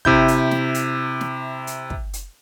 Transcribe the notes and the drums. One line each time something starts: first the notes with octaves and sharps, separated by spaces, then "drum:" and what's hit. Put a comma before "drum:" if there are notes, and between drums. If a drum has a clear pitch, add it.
C3 E4 G6, drum: kick
drum: hi-hat
drum: snare
drum: hi-hat
drum: snare
drum: hi-hat
drum: kick
drum: hi-hat